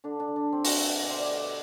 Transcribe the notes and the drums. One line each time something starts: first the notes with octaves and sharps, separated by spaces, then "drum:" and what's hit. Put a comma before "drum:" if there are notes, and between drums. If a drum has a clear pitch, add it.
D3 D4
D4
D3
D4
G3 C4
F#4, drum: open hi-hat
G3 E5
E5
B2 D5
C5
D5
A3